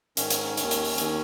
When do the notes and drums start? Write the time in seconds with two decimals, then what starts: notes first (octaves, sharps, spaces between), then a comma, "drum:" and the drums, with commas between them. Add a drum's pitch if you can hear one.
0.17 G#2 D#3 C#4, drum: hi-hat
0.30 drum: hi-hat
0.57 D#2 D#3, drum: hi-hat
0.71 drum: hi-hat
0.85 drum: open hi-hat
0.98 D#2 D#3, drum: hi-hat